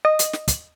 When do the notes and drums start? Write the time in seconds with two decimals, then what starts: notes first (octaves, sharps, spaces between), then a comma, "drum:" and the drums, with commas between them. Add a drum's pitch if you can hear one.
0.05 D#5
0.19 drum: hi-hat
0.33 drum: snare
0.48 drum: kick, hi-hat